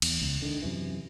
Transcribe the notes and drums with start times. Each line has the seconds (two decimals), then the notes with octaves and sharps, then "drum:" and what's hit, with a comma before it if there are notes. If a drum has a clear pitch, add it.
0.02 E2, drum: cymbal
0.22 C#2
0.42 D3 D#3
0.62 F#2 C3 E3